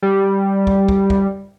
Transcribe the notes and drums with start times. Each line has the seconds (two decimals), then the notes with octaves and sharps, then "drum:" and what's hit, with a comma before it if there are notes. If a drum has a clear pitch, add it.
0.02 G3
0.67 drum: kick
0.89 drum: kick
1.10 drum: kick